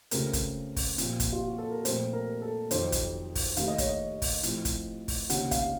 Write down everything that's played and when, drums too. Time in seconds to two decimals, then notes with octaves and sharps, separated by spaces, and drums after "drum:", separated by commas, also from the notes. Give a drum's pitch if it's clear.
0.11 C#2 C#3 A3 C4 A#4, drum: hi-hat
0.33 drum: kick, hi-hat
0.76 drum: kick, open hi-hat
0.98 A#2 F3 C4, drum: hi-hat
1.20 drum: kick, hi-hat
1.32 F4
1.45 F#4
1.58 A4
1.71 A#4
1.85 A#2 F3 A3 C4 C5, drum: hi-hat
2.13 A#4
2.42 A4
2.71 F2 D#3 F#3 C5, drum: hi-hat
2.92 drum: kick, hi-hat
3.35 drum: kick, open hi-hat
3.57 D#2 D#3 A3 F5, drum: hi-hat
3.68 D#5
3.78 C#5, drum: kick, hi-hat
3.88 D#5
4.22 drum: kick, open hi-hat
4.43 A2 F3 C4, drum: hi-hat
4.65 drum: kick, hi-hat
5.08 drum: kick, open hi-hat
5.30 C#2 C3 D#3 A#3 C#4 F#5, drum: hi-hat
5.51 F5, drum: kick, hi-hat